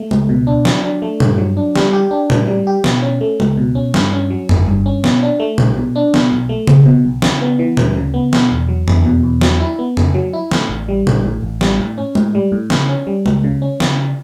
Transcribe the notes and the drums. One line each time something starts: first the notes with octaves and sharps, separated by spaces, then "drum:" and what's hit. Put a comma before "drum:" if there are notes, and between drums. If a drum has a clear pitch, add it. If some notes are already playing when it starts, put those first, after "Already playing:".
Already playing: A3
C#2, drum: tom G#3
B2
D4
F#3, drum: snare
D4
A3
G2, drum: tom A#2
F#3
D4
G3, drum: snare
G4
D4
A2, drum: tom A#2
G3
G4
B2, drum: snare
C#4
A3
C#2, drum: tom G#3
B2
C#4
G2, drum: snare
C#4
F#3
G1, drum: tom F2
G2
C#4
B2, drum: snare
D4
A3
B1, drum: tom A#2
B2
D4
B2, drum: snare
B1
A3
B1, drum: tom C#3
B2
B1
C#3, drum: snare
B3
E3
D2, drum: tom A#2
C#3
B3
B2, drum: snare
E2
F#3
E2, drum: tom F2
B2
E2
F#3, drum: snare
E4
B3
C#3, drum: tom F2
F#3
E4
A2, drum: snare
A1
G3
A1, drum: tom A#2
A2
A1
G3, drum: snare
A2
C#4
A2, drum: tom G#3
G3
A2
C#3, drum: snare
C#4
G3
C#2, drum: tom G#3
C#3
C#4
C#3, drum: snare